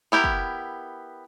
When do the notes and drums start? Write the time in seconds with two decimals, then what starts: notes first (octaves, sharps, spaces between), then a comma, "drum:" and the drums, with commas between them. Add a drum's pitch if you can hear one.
0.12 B3 E4 G4 A#4
0.24 drum: kick